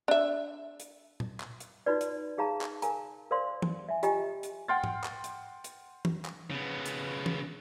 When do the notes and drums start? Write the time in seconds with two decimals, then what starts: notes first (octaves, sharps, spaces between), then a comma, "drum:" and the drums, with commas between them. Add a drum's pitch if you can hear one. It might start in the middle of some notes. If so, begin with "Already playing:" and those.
0.08 D4 E5
0.80 drum: hi-hat
1.20 drum: tom A#2
1.40 drum: clap
1.60 drum: hi-hat
1.86 D#4 F4 F#4 B4 D5
2.01 drum: hi-hat
2.38 D#4 G#4 F5 A5 A#5
2.61 drum: clap
2.82 A#4 F5 G#5 A#5, drum: hi-hat
3.31 A#4 C5 D5 F5 C6
3.62 drum: tom
3.89 E5 G#5
4.03 F4 G4 D#5 G5 G#5 A#5, drum: hi-hat
4.43 drum: hi-hat
4.68 F#5 G5 C6 F6 A6
4.84 drum: tom G#2
5.04 drum: clap
5.24 drum: hi-hat
5.64 drum: hi-hat
6.05 drum: tom
6.25 drum: clap
6.51 C#3 B3
6.86 drum: hi-hat
7.26 drum: tom